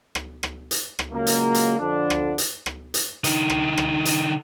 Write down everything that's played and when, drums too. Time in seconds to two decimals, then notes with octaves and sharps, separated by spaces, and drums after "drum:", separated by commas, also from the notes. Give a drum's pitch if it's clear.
0.15 drum: rim click
0.43 drum: rim click
0.71 drum: hi-hat
0.99 drum: rim click
1.13 A#2 C#3 F#3 G#3 A#3
1.27 drum: hi-hat
1.54 drum: hi-hat
1.78 F2 D3 D4
2.10 drum: rim click
2.38 drum: hi-hat
2.66 drum: rim click
2.94 drum: hi-hat
3.24 D3 D#4, drum: hi-hat
3.50 drum: rim click
3.77 drum: rim click
4.05 drum: hi-hat